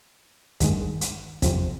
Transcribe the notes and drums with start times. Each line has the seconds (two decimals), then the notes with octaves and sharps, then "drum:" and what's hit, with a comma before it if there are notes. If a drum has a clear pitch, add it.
0.60 G2 D#3 G#3, drum: kick, hi-hat
1.01 drum: hi-hat
1.42 F2 C3 F3 C4, drum: kick, hi-hat